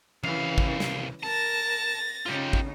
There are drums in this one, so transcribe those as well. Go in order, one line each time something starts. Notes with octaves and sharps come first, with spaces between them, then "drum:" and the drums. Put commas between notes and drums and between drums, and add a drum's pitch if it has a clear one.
C2 C#3 E3 F5, drum: tom E3
drum: kick
drum: snare
A#4 A5 A6 A#6
C#3 D#4 F4 G4
drum: kick